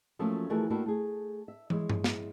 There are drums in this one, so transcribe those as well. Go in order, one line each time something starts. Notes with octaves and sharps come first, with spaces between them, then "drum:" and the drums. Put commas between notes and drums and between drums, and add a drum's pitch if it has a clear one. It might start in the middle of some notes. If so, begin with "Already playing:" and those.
F3 F#3 A3 A#3 C#4 F4
E3 F3 A3 F#4 G#4 A#4
A3 A#3 D4 E4 F#4 G4
A3 G#4
E5
G#3 E4 C#5, drum: tom
drum: tom G2
drum: snare